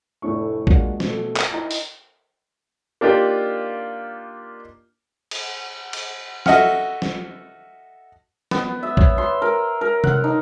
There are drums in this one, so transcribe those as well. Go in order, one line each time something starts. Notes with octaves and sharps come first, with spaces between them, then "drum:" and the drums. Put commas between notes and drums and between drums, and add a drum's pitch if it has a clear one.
F1 A2 A3 D4 E4 C#6
G#3 A#3 D4 F4 F#4, drum: kick A#1
B2 A3, drum: snare
drum: clap
D#4 E4 D#5 A#5
drum: open hi-hat
A#3 D4 D#4 F4 G4
drum: cymbal
drum: cymbal
F#4 A4 D#5 E5 F#5 F6, drum: snare
drum: snare
B3, drum: snare
E5
C#5, drum: kick A#1
C6
A#4
A#4
F#5, drum: tom C3
D#4